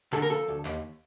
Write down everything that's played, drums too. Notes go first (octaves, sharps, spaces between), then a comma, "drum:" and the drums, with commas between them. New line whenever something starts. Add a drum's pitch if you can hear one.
D3 A4, drum: clap
A#4
F3 A4, drum: hi-hat
D2
D#2, drum: clap